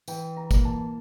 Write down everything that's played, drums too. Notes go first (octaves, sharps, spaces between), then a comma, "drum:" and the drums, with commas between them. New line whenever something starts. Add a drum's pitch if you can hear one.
E3 G5, drum: tambourine
A#5
A#3, drum: kick, tambourine
A5